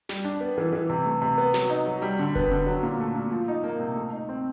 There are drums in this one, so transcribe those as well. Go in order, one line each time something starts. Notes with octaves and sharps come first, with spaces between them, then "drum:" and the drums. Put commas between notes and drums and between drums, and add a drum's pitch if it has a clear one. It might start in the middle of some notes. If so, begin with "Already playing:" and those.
G3, drum: snare
D4
B3
E3
E3
C3
A3
C3
B3
F#3, drum: snare
D#4
F#3
G3
D3
B3, drum: kick F1
D3
F#3
A#2
A3
A#2
F3
D#4
A#3
C3
A3
D#4
C4